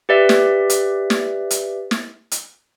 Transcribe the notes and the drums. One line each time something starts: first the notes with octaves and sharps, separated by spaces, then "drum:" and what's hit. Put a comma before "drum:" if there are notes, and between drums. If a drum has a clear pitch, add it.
G4 B4 D5 E5
drum: snare
drum: hi-hat
drum: snare
drum: hi-hat
drum: snare
drum: hi-hat